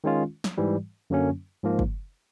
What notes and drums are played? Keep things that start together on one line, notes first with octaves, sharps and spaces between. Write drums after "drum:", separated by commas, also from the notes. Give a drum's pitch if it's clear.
D#3 G#3 C#4 F4
drum: snare
G#2 E3 G3
F#2 D3 F#3 A#3 C#4
G#2 F3 A#3
drum: kick